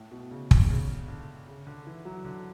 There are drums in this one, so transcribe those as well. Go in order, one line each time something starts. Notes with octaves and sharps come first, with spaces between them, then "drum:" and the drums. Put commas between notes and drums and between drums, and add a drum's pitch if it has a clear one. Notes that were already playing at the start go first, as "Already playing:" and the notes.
Already playing: A2
B2
C#3
D3, drum: kick
C#3
D3
C#3
D3
E3
F#3
D3